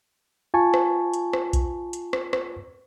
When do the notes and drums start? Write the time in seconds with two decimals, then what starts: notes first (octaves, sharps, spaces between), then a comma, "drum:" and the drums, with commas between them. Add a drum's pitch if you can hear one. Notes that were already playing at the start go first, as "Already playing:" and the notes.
0.54 F4 G#5 A5 C#6
0.74 drum: rim click
1.14 drum: hi-hat
1.33 drum: rim click
1.53 drum: kick B1, hi-hat
1.93 drum: hi-hat
2.13 drum: rim click
2.33 drum: rim click